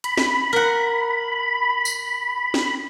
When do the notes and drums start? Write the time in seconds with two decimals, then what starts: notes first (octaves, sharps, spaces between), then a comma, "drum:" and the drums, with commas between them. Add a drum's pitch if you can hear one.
0.04 B5, drum: hi-hat
0.17 drum: snare
0.53 A#4 F#5
1.85 drum: tambourine
2.54 drum: snare